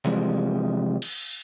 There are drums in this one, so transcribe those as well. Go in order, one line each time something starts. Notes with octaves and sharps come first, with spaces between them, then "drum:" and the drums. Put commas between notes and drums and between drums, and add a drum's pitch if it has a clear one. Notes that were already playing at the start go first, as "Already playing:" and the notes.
C3 E3 F3 G3 G#3
drum: cymbal